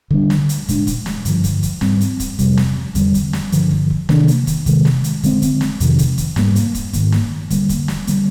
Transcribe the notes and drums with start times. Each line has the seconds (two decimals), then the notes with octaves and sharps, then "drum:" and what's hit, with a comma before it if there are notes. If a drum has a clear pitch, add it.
0.11 D3 G3 D4, drum: kick
0.30 drum: snare
0.49 drum: hi-hat
0.69 A#2 G#3 D4, drum: kick, hi-hat
0.87 drum: kick, hi-hat
1.06 drum: snare
1.25 G2 D3 F3, drum: hi-hat
1.44 drum: kick, hi-hat
1.63 drum: kick, hi-hat
1.81 G#2 G3 C4, drum: snare
2.01 drum: hi-hat
2.20 drum: kick, hi-hat
2.39 F2 C3 G3, drum: kick, hi-hat
2.57 drum: snare
2.95 F2 D3 G3, drum: kick, hi-hat
3.14 drum: kick, hi-hat
3.33 drum: snare
3.52 G2 D3 F3, drum: hi-hat
3.71 drum: kick
3.90 drum: kick
4.09 C3 D#3 A#3 D4, drum: snare
4.28 drum: hi-hat
4.47 drum: kick, hi-hat
4.66 C3 D#3 G#3, drum: kick, hi-hat
4.85 drum: snare
5.04 drum: hi-hat
5.23 D3 G#3 C4, drum: kick, hi-hat
5.42 drum: kick, hi-hat
5.61 drum: snare
5.80 F2 C3 D#3, drum: hi-hat
5.99 drum: kick, hi-hat
6.18 drum: kick, hi-hat
6.36 G#2 G3 A#3, drum: snare
6.56 drum: hi-hat
6.74 drum: kick, hi-hat
6.93 G#2 D#3 A#3, drum: kick, hi-hat
7.12 drum: snare
7.50 D3 G3 A#3, drum: kick, hi-hat
7.69 drum: kick, hi-hat
7.88 drum: snare
8.07 D3 G3 A#3, drum: hi-hat